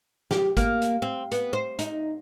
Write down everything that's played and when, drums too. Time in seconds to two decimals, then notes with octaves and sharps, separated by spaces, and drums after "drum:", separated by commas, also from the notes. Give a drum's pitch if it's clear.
0.31 G4, drum: snare
0.57 A#3, drum: kick G1, hi-hat
0.82 drum: hi-hat
1.02 C4
1.32 B3, drum: hi-hat
1.53 C5
1.79 D#4, drum: hi-hat